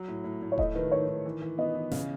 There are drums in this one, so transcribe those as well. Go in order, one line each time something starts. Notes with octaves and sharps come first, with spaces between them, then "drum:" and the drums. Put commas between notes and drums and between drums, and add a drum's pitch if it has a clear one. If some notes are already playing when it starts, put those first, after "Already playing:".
Already playing: F#3
A2
A2
A2
C#5
A3 D#5, drum: kick D#1
D#3 B4
D#3 C#5
D#3
E3
E3
B3 D#5
E3
C#3, drum: snare